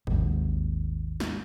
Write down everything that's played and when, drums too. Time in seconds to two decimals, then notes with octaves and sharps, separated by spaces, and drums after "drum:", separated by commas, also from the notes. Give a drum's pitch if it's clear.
0.07 G#1 D#2 G#2, drum: kick
1.20 drum: snare